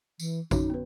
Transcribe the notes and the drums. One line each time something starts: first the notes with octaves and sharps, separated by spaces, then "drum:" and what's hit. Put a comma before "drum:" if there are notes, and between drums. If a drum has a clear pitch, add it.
E3, drum: tambourine
C#4 D#4 F#4 C#5, drum: kick, tambourine
B3 B4